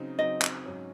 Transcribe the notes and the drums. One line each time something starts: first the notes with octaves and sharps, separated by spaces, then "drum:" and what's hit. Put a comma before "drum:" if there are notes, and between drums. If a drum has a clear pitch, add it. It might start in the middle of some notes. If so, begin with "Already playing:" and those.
Already playing: C#3 F#3 C4 D#4
C#3 F#3 C4 D#4 D#5
drum: clap
G#2 F#3 C#4